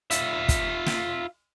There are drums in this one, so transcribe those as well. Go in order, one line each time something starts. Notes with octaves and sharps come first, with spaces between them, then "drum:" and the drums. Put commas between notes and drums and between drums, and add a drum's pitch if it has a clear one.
F4 E5, drum: hi-hat
drum: kick, hi-hat
drum: snare